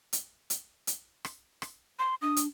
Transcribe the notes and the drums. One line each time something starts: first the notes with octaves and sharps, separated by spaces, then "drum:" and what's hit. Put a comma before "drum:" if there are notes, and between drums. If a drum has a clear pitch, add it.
drum: hi-hat
drum: hi-hat
drum: hi-hat
drum: rim click
drum: rim click
C6
D4 D#6
drum: hi-hat